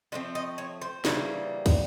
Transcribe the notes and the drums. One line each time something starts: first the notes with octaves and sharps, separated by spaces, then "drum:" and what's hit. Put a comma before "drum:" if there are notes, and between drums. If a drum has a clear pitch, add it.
D3 F3 A3 C4
D#5
C#5
C5
C#3 E3 G3 A#3, drum: snare
drum: kick, cymbal